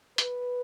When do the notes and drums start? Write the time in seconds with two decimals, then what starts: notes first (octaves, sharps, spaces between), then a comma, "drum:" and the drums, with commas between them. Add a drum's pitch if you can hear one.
0.18 B4, drum: hi-hat